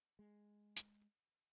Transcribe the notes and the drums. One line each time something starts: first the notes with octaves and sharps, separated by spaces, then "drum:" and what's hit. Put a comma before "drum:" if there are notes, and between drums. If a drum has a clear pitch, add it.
G#3
drum: hi-hat